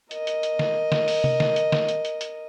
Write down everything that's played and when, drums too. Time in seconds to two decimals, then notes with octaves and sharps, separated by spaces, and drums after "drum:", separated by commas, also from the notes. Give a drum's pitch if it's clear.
0.11 A#4 D#5, drum: hi-hat
0.27 drum: hi-hat
0.43 drum: hi-hat
0.59 drum: snare
0.92 drum: snare
1.08 drum: open hi-hat
1.24 drum: tom C3
1.40 drum: snare
1.56 drum: hi-hat
1.72 drum: snare
1.89 drum: hi-hat
2.05 drum: hi-hat
2.21 drum: hi-hat